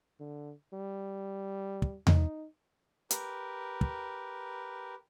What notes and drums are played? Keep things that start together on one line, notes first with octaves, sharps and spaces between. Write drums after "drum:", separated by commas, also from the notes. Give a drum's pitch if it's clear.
D3
G3
drum: kick
D#4, drum: tom E2
G4 A#4 B4, drum: hi-hat
drum: kick